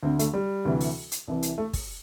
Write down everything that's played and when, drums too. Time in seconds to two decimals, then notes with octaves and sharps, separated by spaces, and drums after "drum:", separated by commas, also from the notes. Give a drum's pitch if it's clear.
0.03 D2 D3 C4
0.19 A3, drum: hi-hat
0.34 G3
0.65 D2 C3 E3
0.81 drum: open hi-hat
1.12 drum: hi-hat
1.28 C2 C3 E3
1.43 drum: hi-hat
1.58 A3
1.73 drum: kick, open hi-hat